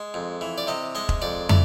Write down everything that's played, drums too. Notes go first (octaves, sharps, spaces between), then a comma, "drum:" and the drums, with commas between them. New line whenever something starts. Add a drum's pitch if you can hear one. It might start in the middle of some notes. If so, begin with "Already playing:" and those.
Already playing: G#3
F2
E3
D5
C3 D#5
G#3 D#5
drum: kick E1
F2 D5
E3 D5, drum: tom